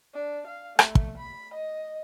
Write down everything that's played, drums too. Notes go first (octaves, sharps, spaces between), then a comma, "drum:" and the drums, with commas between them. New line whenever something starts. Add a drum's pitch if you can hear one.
D4
F5
A3, drum: rim click
drum: kick
B5
D#5